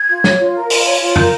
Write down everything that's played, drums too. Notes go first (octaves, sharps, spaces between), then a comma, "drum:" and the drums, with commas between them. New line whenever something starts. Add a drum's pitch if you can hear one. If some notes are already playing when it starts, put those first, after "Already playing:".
Already playing: G#6
F4
C#5, drum: snare
F4
A#4
F4, drum: open hi-hat
C#5
F4
A#4 G6, drum: tom